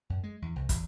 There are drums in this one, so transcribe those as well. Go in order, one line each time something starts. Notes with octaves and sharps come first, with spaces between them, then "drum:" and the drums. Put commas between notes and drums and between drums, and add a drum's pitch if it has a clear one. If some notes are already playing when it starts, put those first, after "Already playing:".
F#2
G#3
E2
C2
E2, drum: kick, hi-hat